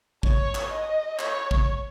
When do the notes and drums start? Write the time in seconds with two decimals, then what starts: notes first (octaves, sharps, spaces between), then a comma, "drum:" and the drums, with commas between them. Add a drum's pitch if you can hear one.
0.23 C#5, drum: kick
0.55 drum: clap
0.71 D#5
1.19 C#5, drum: clap
1.51 drum: kick